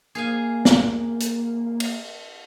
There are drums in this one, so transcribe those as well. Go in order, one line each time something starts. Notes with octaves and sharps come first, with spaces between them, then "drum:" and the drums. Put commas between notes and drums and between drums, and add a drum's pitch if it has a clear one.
A#3 G#4 F5 G#5
drum: snare
drum: hi-hat
drum: cymbal